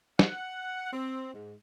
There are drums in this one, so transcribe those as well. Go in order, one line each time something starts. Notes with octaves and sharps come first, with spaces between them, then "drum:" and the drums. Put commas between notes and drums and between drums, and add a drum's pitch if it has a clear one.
F#5, drum: snare
C4
G#2